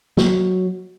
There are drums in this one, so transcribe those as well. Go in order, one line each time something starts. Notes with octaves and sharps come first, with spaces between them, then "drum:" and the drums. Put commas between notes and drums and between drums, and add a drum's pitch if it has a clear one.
F#3, drum: snare